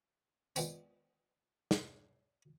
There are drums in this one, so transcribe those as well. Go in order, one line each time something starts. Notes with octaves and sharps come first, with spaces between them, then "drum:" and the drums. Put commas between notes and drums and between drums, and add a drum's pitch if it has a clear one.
A#2 G#3 B3 C4, drum: tambourine
drum: snare